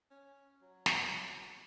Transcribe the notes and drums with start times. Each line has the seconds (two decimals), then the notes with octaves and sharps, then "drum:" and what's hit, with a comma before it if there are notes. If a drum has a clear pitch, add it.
0.11 C#4
0.62 F#3
0.86 drum: snare